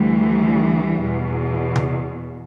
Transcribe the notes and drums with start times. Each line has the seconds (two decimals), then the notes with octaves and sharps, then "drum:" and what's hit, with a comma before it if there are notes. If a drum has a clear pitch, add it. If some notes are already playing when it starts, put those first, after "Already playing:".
Already playing: D2 D3 E3 G3
1.00 E2 B2
1.76 drum: tom C3